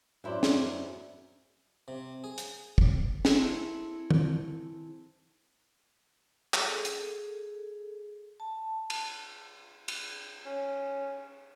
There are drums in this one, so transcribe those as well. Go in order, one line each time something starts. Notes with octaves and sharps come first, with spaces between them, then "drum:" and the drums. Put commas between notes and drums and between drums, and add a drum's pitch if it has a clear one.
F#2 E4 C5 D5
drum: snare
C3
G#4
drum: hi-hat
drum: kick
C4 E4 G#4 A4, drum: snare
drum: tom
G#4 A4, drum: clap
drum: hi-hat
A5
drum: cymbal
drum: cymbal
C#4